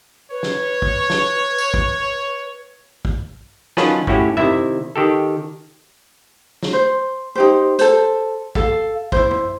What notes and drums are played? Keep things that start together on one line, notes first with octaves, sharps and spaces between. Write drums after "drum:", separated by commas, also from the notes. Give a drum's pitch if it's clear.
B4 C#5
drum: snare
drum: kick
drum: snare
drum: tambourine
drum: kick
drum: kick
D#3 F#3 C#4 F4 B4 A5, drum: snare
A2 C#4 E4 F#4 G4, drum: kick
C3 D#3 E4 E5, drum: tom
D#3 G4 A4
drum: snare
C5
D#4 G4 C5
A4 C5, drum: hi-hat
A4 F5, drum: kick
E4 C5, drum: kick
drum: tom